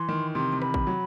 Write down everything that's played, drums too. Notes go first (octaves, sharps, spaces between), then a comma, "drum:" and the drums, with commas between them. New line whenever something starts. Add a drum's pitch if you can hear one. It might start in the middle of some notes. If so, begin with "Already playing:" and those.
Already playing: E3 C6
D#3
C3 C6
C3
B5, drum: rim click
drum: kick
F#3